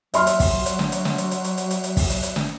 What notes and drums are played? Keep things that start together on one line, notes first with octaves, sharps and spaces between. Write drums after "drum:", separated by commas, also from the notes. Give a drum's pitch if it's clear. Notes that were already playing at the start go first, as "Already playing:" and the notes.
F#3 E5 C6 F6, drum: hi-hat
drum: hi-hat
drum: kick, open hi-hat
drum: hi-hat
drum: snare
drum: hi-hat
drum: snare
drum: hi-hat
drum: hi-hat
drum: hi-hat
drum: hi-hat
drum: hi-hat
drum: hi-hat
drum: kick, open hi-hat
drum: hi-hat
drum: hi-hat
drum: snare